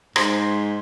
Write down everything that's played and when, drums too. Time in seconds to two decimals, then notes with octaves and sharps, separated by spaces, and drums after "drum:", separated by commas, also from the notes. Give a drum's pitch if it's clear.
0.16 G#2 C5 C6 G#6, drum: rim click